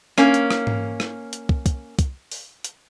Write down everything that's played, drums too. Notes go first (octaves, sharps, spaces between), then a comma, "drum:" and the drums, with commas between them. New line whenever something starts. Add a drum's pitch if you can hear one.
A#3 C#4, drum: rim click
drum: hi-hat
drum: rim click
drum: tom G#2
drum: rim click
drum: hi-hat
drum: kick
drum: kick, hi-hat
drum: kick, hi-hat
drum: open hi-hat
drum: hi-hat